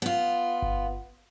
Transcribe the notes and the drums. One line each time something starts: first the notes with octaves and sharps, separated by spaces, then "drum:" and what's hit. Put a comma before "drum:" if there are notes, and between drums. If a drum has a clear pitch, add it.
B3 F4
drum: kick G1